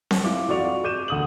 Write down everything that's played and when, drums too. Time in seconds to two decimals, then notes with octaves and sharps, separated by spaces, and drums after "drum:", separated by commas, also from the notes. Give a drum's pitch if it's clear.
0.11 drum: snare C4
0.24 E4 F4 D6
0.48 F2 F4 F#4 D5 C#6 F7
0.84 D6 G6 D#7 E7
1.08 D2 D#6 F#7